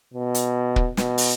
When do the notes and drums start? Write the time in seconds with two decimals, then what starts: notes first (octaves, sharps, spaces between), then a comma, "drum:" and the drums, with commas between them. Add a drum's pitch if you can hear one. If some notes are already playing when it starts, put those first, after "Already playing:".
0.14 B2
0.34 drum: hi-hat
0.76 drum: kick
0.97 B2, drum: snare
1.18 drum: open hi-hat